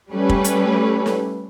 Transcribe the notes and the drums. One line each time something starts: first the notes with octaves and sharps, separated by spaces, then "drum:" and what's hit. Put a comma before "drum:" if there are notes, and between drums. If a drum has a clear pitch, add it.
G3 A3 C#4 B4
drum: kick
drum: hi-hat
drum: snare